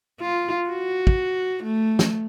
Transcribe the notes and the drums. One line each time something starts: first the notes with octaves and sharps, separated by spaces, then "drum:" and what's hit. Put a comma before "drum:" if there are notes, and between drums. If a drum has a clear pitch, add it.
F4
F#4
drum: kick
A3
drum: snare